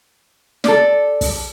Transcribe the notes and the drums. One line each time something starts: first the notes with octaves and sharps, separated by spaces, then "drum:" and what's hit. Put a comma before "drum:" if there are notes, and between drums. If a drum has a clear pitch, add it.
A4 D5, drum: snare
drum: kick, open hi-hat